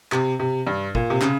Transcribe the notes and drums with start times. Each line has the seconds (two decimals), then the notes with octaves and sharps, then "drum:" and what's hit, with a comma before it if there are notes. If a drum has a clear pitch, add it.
0.12 C3, drum: clap
0.40 C3
0.67 G2
0.95 A#2, drum: kick
1.10 C3
1.21 C#3, drum: clap